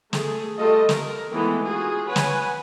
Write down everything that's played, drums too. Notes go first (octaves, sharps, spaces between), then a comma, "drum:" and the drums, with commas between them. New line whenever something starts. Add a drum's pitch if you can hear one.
A3 G#4, drum: snare
G3 A3 F4 A4 D#5
A#4, drum: snare
D#3 E3 G#3 A3 B3
F4 F#4 G#4
B4 C#5 F#5 G#5
drum: snare